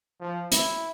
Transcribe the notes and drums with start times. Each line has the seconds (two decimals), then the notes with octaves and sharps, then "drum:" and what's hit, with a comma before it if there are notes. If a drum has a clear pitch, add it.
0.21 F3
0.52 E4, drum: hi-hat